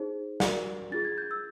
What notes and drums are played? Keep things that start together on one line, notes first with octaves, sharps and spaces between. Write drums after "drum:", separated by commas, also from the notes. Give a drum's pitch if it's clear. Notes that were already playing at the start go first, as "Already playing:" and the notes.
Already playing: D#4 G#4 C5
F#4 A#4 D5, drum: snare
D4 F4 G#4 A6
G#6
G6
E6